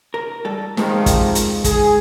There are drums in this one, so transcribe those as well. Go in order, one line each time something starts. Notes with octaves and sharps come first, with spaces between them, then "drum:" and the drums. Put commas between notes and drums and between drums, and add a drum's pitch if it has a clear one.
A#4
G3 A4
G#2 C3 D#3 F3 G#3, drum: snare
drum: kick, hi-hat
drum: hi-hat
G#4, drum: kick, hi-hat